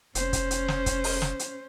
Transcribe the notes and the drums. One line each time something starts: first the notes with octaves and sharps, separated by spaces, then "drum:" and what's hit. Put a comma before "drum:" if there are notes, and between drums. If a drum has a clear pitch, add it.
F1 C#4 C5, drum: hi-hat
drum: kick, hi-hat
drum: hi-hat
drum: snare
drum: kick, hi-hat
drum: open hi-hat
drum: snare
drum: hi-hat